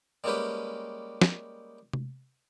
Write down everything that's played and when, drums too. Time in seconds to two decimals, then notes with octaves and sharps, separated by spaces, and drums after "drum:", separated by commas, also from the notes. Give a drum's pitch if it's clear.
0.24 G3 G#3 A#3 C#4 G4 B4
1.21 drum: snare
1.93 drum: tom C3